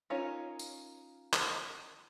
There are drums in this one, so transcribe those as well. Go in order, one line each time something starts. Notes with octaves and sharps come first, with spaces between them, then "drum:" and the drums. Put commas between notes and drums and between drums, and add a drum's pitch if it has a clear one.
C#4 D#4 F4 A#4 C#5
drum: tambourine
drum: clap